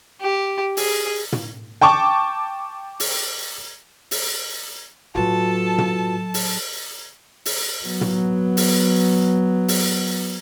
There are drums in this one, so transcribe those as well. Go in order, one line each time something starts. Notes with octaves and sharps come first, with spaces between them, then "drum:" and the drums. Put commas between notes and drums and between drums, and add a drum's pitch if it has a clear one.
G4
G#4, drum: open hi-hat
drum: tom
G5 A5 C#6 D6
drum: open hi-hat
drum: open hi-hat
A2 F#3 F4 F#4 A4 B4 A5
drum: tom
drum: open hi-hat
drum: open hi-hat
F#3 B3
drum: tom
drum: open hi-hat
drum: open hi-hat